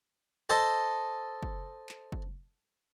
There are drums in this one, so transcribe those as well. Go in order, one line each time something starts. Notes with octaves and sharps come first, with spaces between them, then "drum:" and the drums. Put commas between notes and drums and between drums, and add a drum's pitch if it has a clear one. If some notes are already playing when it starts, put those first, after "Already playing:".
A4 C5 D#5 A5
drum: kick
drum: clap
drum: kick